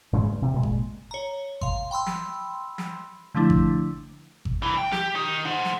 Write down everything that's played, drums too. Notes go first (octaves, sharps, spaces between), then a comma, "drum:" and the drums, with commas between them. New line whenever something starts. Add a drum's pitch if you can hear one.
G#2 C#3 G#3 A3
G2
C3
A#2 G#3
drum: kick G#1
C#5 A#5
F5 C6, drum: kick G#1
G5 B5 C6 E6
drum: snare
drum: snare
D3 F3 A3 D4 E4
drum: kick G#1
drum: kick G#1
C2 E3
G5
G4, drum: snare
D#3 D#4
C5 F#5
drum: snare